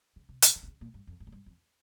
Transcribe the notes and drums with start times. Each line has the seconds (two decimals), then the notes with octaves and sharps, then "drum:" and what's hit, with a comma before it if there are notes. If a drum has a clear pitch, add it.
0.16 C#3
0.29 C3
0.42 A#2, drum: hi-hat
0.56 D#3
0.63 C3
0.68 C#3
0.81 A#2
0.94 G2
1.07 F2
1.20 G2
1.27 G#2
1.32 G2
1.46 F2